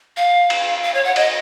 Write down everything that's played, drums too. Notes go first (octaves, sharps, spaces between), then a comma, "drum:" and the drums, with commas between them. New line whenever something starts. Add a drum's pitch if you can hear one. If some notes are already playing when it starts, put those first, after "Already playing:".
F5
drum: cymbal
F5
C#5
F#5
D#5, drum: cymbal